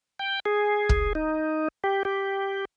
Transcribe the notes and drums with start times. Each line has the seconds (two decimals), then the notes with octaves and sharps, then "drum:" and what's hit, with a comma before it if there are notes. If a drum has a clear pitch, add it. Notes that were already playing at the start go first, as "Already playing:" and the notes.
0.19 G5
0.46 G#4
0.89 drum: kick
1.15 D#4
1.84 G4
2.05 G4